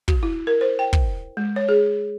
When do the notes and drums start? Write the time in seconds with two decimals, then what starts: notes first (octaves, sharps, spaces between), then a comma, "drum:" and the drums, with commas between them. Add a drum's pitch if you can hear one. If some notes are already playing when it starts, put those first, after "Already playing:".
0.08 F#4, drum: kick
0.23 E4
0.47 A#4
0.61 C5
0.79 G5
0.93 drum: kick
1.37 G#3
1.56 C#5
1.69 G#4